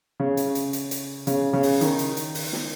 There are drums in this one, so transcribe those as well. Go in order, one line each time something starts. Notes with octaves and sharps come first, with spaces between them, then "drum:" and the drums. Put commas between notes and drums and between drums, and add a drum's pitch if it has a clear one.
C#3
drum: hi-hat
drum: hi-hat
drum: hi-hat
drum: hi-hat
C#3, drum: hi-hat
C#3
drum: open hi-hat
D#3, drum: hi-hat
drum: hi-hat
drum: hi-hat
drum: open hi-hat
drum: snare